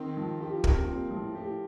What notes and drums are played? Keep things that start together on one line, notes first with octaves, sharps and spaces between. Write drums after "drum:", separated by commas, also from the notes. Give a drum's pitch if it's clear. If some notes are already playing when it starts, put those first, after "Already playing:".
Already playing: D#3 C4
F3
D#3 G4
F3
D#3 A#4, drum: kick
C3
A#2 C4
A2 F3
A2 G4